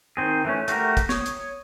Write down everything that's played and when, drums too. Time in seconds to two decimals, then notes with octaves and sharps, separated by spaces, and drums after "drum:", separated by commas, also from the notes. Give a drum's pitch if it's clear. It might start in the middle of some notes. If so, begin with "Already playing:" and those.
0.17 D#3 C4 G#4
0.45 E3 A3 C#4
0.68 A3 F#4 G4 A#4, drum: hi-hat
0.97 drum: kick, hi-hat
1.09 C#5 D#6, drum: snare
1.26 drum: hi-hat